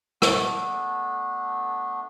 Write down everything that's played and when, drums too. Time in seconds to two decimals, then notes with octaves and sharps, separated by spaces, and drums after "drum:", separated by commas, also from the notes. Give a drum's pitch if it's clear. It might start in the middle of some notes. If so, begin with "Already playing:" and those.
0.22 A3 B3 D4, drum: rim click